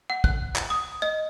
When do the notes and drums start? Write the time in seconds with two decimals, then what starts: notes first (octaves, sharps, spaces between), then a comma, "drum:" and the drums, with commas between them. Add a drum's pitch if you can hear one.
0.10 F#5
0.24 F#6, drum: kick
0.56 drum: clap
0.70 D#6
1.02 D#5